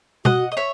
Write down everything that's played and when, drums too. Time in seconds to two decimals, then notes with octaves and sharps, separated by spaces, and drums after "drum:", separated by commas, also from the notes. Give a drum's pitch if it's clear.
0.25 F#4 D#5 F#5, drum: tom B2
0.52 D#5
0.57 C#5 E5